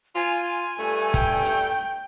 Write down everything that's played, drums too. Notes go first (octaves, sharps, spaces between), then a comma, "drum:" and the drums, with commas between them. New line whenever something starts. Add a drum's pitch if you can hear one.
F4 G#5
G2 A3
G5, drum: kick, hi-hat
drum: hi-hat